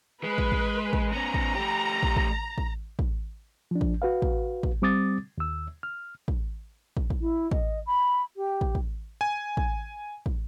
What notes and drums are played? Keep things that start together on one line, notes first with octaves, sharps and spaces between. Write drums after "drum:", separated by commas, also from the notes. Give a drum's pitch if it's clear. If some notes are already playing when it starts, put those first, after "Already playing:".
G#3 B4
drum: kick
drum: kick
drum: kick
B3 C#4 A#5
drum: kick
A3 G4
drum: kick
drum: kick
drum: kick
drum: kick
F3 D4
drum: kick
F#4 B4 F5
drum: kick
drum: kick
G3 C4 D6 D#6 A6
D#2 E6
F6
drum: kick
drum: kick
drum: kick
E4
D#5, drum: kick
B5
G4
drum: kick
drum: kick
G#5
drum: kick
drum: kick